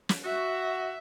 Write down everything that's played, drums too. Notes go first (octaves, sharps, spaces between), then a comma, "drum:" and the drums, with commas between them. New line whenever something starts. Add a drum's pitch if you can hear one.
drum: snare
F#4 E5